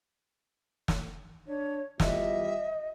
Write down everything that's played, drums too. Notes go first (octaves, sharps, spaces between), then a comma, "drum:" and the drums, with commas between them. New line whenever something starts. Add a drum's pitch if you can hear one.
drum: snare
D4 C#5
E2 G3 F4 D#5 E5, drum: snare